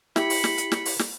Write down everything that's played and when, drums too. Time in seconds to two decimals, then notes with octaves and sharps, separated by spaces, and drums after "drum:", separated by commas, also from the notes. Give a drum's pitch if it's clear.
0.16 E4 G4 B5 C#7, drum: snare
0.30 drum: open hi-hat
0.44 drum: snare
0.58 drum: hi-hat
0.72 drum: snare
0.85 drum: open hi-hat
0.99 drum: snare